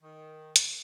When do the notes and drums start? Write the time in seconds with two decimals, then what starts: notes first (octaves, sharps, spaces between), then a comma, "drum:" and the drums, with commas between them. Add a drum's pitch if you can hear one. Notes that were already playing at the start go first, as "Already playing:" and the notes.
0.02 D#3
0.56 drum: hi-hat